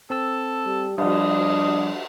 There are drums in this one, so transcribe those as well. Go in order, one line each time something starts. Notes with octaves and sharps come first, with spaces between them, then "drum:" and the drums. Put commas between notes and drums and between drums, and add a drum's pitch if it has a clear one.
C4 A4 A5 E6
G3
F3 G3 D4 D#5, drum: cymbal